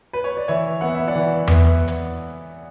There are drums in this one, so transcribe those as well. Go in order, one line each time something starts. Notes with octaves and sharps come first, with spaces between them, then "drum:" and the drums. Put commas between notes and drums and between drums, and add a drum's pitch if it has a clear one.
B4
C#5
D5
E3 C#5 E5
B3 E4 F#5
E5
D5 F#5
E3
B3 E4, drum: tom E2
drum: hi-hat